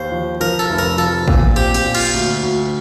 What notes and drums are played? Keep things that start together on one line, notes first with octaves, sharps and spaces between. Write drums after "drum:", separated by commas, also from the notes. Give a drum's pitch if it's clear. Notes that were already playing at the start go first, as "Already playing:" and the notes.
Already playing: D#2 C5
F3
F3 A#4
A4
F1
A#4
F3 A4
A#2, drum: kick A1
C4 G4
G4, drum: hi-hat
A#2
F4, drum: cymbal
D2
D2